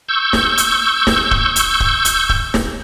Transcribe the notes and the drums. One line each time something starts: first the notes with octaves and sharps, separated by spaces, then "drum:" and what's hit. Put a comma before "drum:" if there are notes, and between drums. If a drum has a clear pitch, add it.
C#6 E6 G6
drum: snare
drum: hi-hat
drum: snare
drum: kick
drum: hi-hat
drum: kick
drum: hi-hat
drum: kick
drum: snare